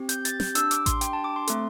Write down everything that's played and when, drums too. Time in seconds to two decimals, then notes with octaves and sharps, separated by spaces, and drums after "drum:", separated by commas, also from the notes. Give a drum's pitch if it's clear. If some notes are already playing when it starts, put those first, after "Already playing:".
Already playing: C4 G4
0.09 G6, drum: hi-hat
0.25 A6, drum: hi-hat
0.40 G6, drum: snare
0.55 D4 G4 E6, drum: hi-hat
0.71 D6, drum: hi-hat
0.86 C6, drum: kick A1, hi-hat
1.01 G5, drum: hi-hat
1.13 A5
1.24 D6
1.36 C6
1.47 A3 C4 A4, drum: hi-hat